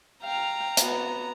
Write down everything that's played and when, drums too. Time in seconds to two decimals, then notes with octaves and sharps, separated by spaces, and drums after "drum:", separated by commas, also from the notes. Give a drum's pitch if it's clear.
0.24 F5 G5 A#5
0.77 B3 F#4, drum: hi-hat